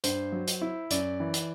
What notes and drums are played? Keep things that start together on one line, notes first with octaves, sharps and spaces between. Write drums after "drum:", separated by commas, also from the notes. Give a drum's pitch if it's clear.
G2 C5, drum: hi-hat
F#3
drum: hi-hat
E4
F#2 D5, drum: hi-hat
E3
drum: hi-hat